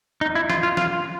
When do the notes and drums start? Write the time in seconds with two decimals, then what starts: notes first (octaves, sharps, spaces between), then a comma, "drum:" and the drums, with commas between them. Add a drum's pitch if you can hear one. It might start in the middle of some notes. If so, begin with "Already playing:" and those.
0.21 D#4
0.35 E4
0.50 F4, drum: snare
0.63 F4
0.77 F4, drum: snare